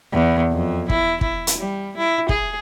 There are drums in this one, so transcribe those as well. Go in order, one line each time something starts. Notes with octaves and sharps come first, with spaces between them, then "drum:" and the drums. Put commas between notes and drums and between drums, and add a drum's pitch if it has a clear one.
E2
F2
E4, drum: kick
E4, drum: kick
drum: hi-hat
G3
E4
G#4, drum: kick